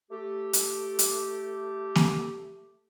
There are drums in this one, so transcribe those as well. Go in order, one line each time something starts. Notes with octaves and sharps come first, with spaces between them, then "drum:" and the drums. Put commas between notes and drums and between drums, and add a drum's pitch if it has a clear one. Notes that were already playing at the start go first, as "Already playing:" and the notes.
A3 G4
drum: hi-hat
drum: hi-hat
drum: snare A#3